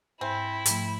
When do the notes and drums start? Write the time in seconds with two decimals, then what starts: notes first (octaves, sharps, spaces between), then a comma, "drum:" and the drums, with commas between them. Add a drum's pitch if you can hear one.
0.21 G#2 C4 E4 E5 G#5
0.66 G#2 F3 A3, drum: hi-hat